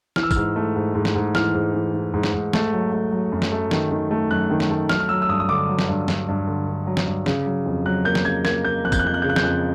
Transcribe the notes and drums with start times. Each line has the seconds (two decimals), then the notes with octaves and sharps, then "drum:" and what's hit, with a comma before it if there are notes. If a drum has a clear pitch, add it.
0.16 E3 F6, drum: snare
0.23 E6
0.31 F6, drum: kick, tambourine
0.36 G#2
0.56 A3
0.75 G#2
0.95 G#2
1.05 drum: snare
1.15 G#2
1.35 E3 F6, drum: snare
1.54 G#2
1.74 E3
1.94 E3
2.14 G#2
2.23 drum: snare
2.33 G#2
2.53 A3, drum: snare
2.73 F#3
2.92 A3
3.12 F#3
3.32 F#2
3.42 drum: snare
3.52 A3
3.71 D#3, drum: snare
3.91 D#3
4.11 A3
4.31 F#2 F#6
4.50 D#3
4.60 drum: snare
4.70 A3
4.89 F#3 F6, drum: snare
5.00 F6
5.09 F#3 E6
5.22 E6
5.29 G2 D#6
5.40 D#6
5.49 D3 D6
5.69 F#3
5.79 drum: snare
5.89 G2
6.08 G2, drum: snare
6.28 G2
6.47 D3
6.67 D3
6.87 F#3
6.97 drum: snare
7.07 G2
7.26 C#3, drum: snare
7.46 F#3
7.66 F2
7.86 F#3 F#6
8.05 A#3 G6
8.15 drum: snare
8.25 C#3 G#6
8.45 A#3 G#6, drum: snare
8.65 A#3 G6
8.84 F2 F#6
8.92 G6, drum: kick, tambourine
8.99 F#6
9.04 F2 G6
9.14 F#6
9.22 C#3 G6
9.29 F#6
9.36 G6, drum: snare
9.43 F2 F#6